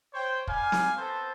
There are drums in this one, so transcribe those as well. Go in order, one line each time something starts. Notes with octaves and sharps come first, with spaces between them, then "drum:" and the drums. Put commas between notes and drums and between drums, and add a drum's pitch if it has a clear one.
C5 C#5 G5
G3 F5 G#5, drum: kick
drum: snare
B3 C4 A4 C5